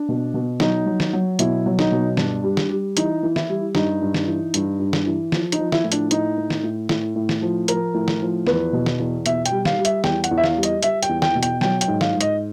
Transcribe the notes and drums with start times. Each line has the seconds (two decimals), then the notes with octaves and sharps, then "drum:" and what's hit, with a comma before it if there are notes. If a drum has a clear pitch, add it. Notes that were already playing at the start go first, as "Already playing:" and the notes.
Already playing: D4
0.09 B2
0.34 B2
0.60 F#3 D#4, drum: snare
0.86 F#3
1.00 drum: snare
1.13 F#3
1.39 B2 E4, drum: hi-hat
1.66 F#3
1.79 D#4, drum: snare
1.92 B2
2.17 G2 D4, drum: snare
2.43 G3
2.57 drum: snare
2.70 G3
2.97 E3 D#4, drum: hi-hat
3.23 E3
3.36 E4, drum: snare
3.49 G3
3.75 G2 D#4, drum: snare
4.01 G2
4.14 drum: snare
4.27 E3
4.54 G2, drum: hi-hat
4.79 G2
4.93 drum: snare
5.07 E3
5.32 F3, drum: snare
5.52 D#4, drum: hi-hat
5.58 F3
5.72 E4, drum: snare
5.84 A2
5.92 D4, drum: hi-hat
6.11 A2 D#4, drum: hi-hat
6.38 A2
6.50 drum: snare
6.63 A2
6.89 A2, drum: snare
7.16 A2
7.29 drum: snare
7.42 F3
7.68 F3 A#4, drum: hi-hat
7.94 A2
8.08 drum: snare
8.21 F3
8.47 E2 B4, drum: snare
8.73 B2
8.86 drum: snare
9.00 E2
9.26 B2 E5, drum: hi-hat
9.46 G5, drum: hi-hat
9.52 G3
9.65 F5, drum: snare
9.79 G3
9.85 E5, drum: hi-hat
10.04 E2 G5, drum: snare
10.24 F#5, drum: hi-hat
10.31 E2
10.38 E5
10.44 F5, drum: snare
10.57 G3
10.63 D#5, drum: hi-hat
10.83 G3 E5, drum: hi-hat
11.03 G5, drum: hi-hat
11.09 E2
11.22 G5, drum: snare
11.36 B2
11.43 G5, drum: hi-hat
11.61 F#3 G5, drum: snare
11.81 G5, drum: hi-hat
11.88 G#2
12.01 F5, drum: snare
12.14 G#2
12.21 D#5, drum: hi-hat